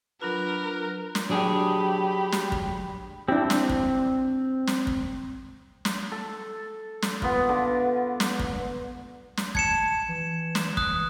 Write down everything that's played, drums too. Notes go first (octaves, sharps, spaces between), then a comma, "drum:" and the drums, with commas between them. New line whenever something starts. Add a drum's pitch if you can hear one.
F#3 D4 F4 A#4 B4
drum: snare
F#3 D4 G4 G#4 B5
drum: snare
drum: kick
C4 D4 E4 G4
drum: snare
drum: kick
drum: snare
drum: kick
drum: snare
A4
drum: snare
B3 F4, drum: kick
D3
drum: snare
drum: kick
drum: snare
A5 G#6 C#7 E7, drum: kick
E3
drum: snare
D#6 F#6, drum: kick